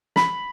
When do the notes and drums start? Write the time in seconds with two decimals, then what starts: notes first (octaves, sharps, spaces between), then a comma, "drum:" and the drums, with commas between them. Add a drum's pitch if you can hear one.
0.16 B5, drum: snare